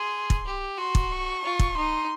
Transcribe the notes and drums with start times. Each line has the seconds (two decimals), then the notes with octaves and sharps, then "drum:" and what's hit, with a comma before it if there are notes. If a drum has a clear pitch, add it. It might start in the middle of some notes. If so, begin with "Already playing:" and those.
Already playing: G#4 C6
0.30 drum: kick
0.46 G4
0.78 F#4 C6
0.95 drum: kick
1.11 C#6
1.43 F4
1.59 drum: kick
1.75 D#4 C6